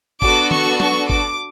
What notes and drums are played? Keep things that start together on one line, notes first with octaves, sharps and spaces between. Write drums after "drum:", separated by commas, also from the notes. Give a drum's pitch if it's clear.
B3 D4 F#4 A4 D6, drum: kick G1
C#6, drum: tom
C#6, drum: tom
D6, drum: kick G1